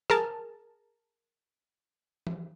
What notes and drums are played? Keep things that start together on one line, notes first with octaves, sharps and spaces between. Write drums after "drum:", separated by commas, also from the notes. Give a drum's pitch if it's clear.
G#4 A#4 A5, drum: rim click
drum: tom E3